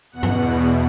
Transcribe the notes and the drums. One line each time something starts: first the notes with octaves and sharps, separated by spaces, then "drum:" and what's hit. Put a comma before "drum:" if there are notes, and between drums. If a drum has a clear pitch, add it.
E2 B2 F#5
drum: tom G2